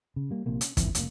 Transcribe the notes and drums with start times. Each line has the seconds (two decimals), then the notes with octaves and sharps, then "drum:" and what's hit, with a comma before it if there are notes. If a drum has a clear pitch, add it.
0.16 C#3
0.31 G3 A#3
0.46 A#1 C3 A#3
0.61 C#4, drum: hi-hat
0.77 G1 C2 F2 E3, drum: kick, hi-hat
0.95 F1 C#2 A#3, drum: hi-hat